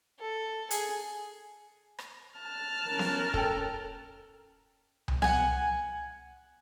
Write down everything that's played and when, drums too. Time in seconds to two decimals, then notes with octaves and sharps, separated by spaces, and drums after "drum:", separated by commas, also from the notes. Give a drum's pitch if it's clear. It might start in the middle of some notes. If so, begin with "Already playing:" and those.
0.20 A4
0.71 G#4, drum: hi-hat
1.99 drum: rim click
2.39 A5 F6 F#6
2.88 C#4 A#4
2.99 drum: snare B3
3.34 A4 G5, drum: kick
5.08 drum: tom C2
5.22 F#5 G#5, drum: snare B3